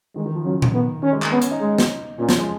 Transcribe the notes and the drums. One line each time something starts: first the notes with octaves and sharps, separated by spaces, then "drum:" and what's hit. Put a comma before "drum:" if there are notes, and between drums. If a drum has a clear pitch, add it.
D#3 G#3
D#3
F3
C#3 F#3
drum: tom A#2
D#3 B3
D#3 C#4
G#3
A#3, drum: clap
B3 C#4
C#4, drum: hi-hat
D#4
G#3
drum: snare
A#2 C#4
F3, drum: snare
G#3